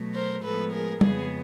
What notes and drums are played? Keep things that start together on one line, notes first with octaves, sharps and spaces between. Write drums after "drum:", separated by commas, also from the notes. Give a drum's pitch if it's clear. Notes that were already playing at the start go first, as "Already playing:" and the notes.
Already playing: B2 F#3 A3
A#4 C5
A2 F3 G#3 B3 A4 B4
G#4 A#4
F2 C#3 F3 G#3 B3 G#4, drum: tom